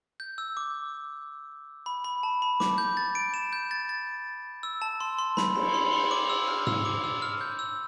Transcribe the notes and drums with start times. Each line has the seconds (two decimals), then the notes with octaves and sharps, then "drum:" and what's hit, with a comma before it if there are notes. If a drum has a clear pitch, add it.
0.20 G6
0.38 E6
0.57 D6
1.86 B5
2.05 B5
2.23 A5
2.42 B5
2.60 D6, drum: snare
2.78 G6
2.97 A6
3.15 D7
3.34 E7
3.53 G6
3.71 A6
3.89 A6
4.63 E6
4.82 A5
5.00 C6
5.18 C6
5.37 B5, drum: snare
5.56 B5, drum: cymbal
5.74 C6
5.93 C6
6.11 D6
6.29 E6
6.48 F6
6.67 E6, drum: tom G#2
6.85 D6
7.04 E6
7.22 F6
7.41 G6
7.59 E6